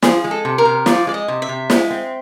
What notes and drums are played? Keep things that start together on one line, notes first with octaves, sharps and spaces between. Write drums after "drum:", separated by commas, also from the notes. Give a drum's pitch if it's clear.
F3 G#4, drum: snare
G#3
A4
C3
A#4
C3
F3 D5, drum: snare
G#3 D5
D#5
C3
E5
C3
G#3, drum: snare
C4